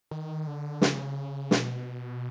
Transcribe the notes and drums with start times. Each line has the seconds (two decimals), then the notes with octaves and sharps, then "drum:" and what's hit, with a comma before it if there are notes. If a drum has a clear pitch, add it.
0.11 D#3
0.47 D3
0.82 C#3, drum: snare
1.51 B2, drum: snare